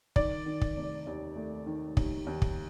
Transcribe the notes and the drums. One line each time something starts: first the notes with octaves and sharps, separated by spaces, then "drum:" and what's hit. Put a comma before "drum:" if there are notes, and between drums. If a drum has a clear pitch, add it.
D#3 D5, drum: kick
D#3
drum: kick
F1
D#2
A3
D#3
D#2, drum: kick
D#2
drum: kick